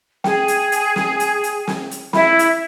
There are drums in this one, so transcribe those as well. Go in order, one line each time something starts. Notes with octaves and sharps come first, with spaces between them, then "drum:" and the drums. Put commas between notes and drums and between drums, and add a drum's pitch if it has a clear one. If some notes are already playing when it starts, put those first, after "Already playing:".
G#4 G5, drum: snare
drum: hi-hat
drum: hi-hat
drum: snare
drum: hi-hat
drum: hi-hat
drum: snare
drum: hi-hat
E4 E5 B5, drum: snare
drum: hi-hat